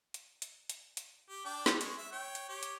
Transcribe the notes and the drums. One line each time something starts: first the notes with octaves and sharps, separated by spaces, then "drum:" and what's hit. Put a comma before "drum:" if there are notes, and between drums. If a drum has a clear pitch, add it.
drum: hi-hat
drum: hi-hat
drum: hi-hat
drum: hi-hat
G4
D4 G5 D6
drum: snare
G#3 C#6, drum: hi-hat
E5
C#5 G5
drum: hi-hat
G4 C#5
drum: hi-hat